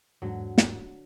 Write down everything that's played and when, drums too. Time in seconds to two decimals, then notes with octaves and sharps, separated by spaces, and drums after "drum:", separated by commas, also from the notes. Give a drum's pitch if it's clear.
0.22 E2 G#2 D3 F#3
0.58 drum: snare